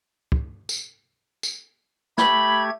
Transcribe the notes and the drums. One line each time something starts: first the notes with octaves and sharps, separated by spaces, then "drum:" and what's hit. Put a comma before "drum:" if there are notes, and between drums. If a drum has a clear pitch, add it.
drum: kick
drum: tambourine
drum: tambourine
A3 G4 B5 G#6, drum: snare